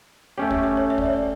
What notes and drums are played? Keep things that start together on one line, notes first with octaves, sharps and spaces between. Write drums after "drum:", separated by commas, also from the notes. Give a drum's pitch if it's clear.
A3 C#4 G4 C#5
E5, drum: kick
E5
C#5
E5
D5, drum: kick
C#5
D5